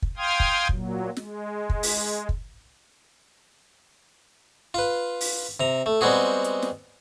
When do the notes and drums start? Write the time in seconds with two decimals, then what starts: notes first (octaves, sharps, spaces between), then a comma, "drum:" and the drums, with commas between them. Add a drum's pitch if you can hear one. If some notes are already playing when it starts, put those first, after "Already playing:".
0.02 drum: kick
0.17 F5 G5 C6 D#6 F6 G#6
0.40 drum: kick
0.69 A#2 F#3, drum: kick
1.17 G#3, drum: snare
1.70 drum: kick
1.83 drum: open hi-hat
2.29 drum: kick
4.74 F4 B4
5.21 drum: open hi-hat
5.60 C3 A#5
5.86 A3
6.01 G3 G#3 B3 C4 F#4 G#4
6.44 drum: hi-hat
6.62 drum: snare